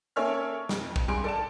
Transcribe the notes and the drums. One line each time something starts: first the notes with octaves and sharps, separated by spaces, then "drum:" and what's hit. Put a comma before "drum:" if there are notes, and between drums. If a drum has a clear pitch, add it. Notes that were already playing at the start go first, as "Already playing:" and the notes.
A#3 C#4 A4 C#5 E5 F6
F2, drum: snare
drum: kick
G2 G#4 C6 D7
A4 D5 A5